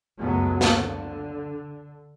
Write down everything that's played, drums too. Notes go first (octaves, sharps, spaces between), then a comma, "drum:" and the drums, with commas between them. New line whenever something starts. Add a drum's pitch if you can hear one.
C#2 F#2 F#3 G#3 A3 B3
drum: snare
D3